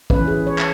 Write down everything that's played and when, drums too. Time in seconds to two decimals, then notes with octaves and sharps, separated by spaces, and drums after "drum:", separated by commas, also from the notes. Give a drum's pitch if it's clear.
0.10 E3 C#4 B4, drum: kick
0.28 G#4
0.47 C#5
0.58 drum: clap